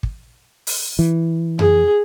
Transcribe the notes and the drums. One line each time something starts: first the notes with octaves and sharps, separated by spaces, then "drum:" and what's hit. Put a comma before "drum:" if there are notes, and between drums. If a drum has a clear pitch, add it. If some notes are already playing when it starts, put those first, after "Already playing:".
drum: kick
drum: open hi-hat
E3
G#4, drum: tom F2